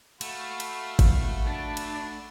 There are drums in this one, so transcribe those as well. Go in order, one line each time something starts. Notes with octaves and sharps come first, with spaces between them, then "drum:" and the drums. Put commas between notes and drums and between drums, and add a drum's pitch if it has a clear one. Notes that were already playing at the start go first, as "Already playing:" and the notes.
A3 F#4 F5 F#5 B5, drum: cymbal
drum: cymbal
drum: kick G#1, cymbal
D4 A5
drum: cymbal